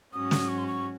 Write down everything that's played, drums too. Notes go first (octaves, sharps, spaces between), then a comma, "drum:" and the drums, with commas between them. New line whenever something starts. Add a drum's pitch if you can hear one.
G#2 F#3 C#4 F#4 D#6
drum: snare
C#6
C6
C#6